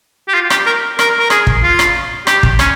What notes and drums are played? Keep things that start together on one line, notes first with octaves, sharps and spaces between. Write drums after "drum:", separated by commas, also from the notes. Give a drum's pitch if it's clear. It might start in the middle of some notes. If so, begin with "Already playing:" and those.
G4
F4
G4, drum: rim click
A#4
A#4, drum: rim click
A#4
G#4, drum: rim click
drum: kick
F4
drum: rim click
G4, drum: rim click
drum: kick
C#4, drum: rim click